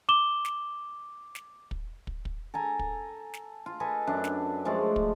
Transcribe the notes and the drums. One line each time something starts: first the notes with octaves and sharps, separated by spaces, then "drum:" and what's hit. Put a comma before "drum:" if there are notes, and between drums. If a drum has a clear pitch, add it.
D6 E7 G7
drum: snare
drum: snare
drum: kick
drum: kick
drum: kick
A4 G#5 A#5
drum: kick
drum: snare
F4
A4 B4 D#5 G#5
F#2 D4
drum: snare
F3 G#3 A3 D5
drum: kick